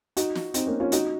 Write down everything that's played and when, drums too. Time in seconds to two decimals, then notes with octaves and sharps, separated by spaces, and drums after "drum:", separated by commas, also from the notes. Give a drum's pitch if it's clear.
0.17 D#4 F#4, drum: hi-hat
0.35 drum: snare
0.54 C4 D#4, drum: hi-hat
0.67 A#3 C#4
0.80 C#4 F4
0.92 D#4 F#4, drum: hi-hat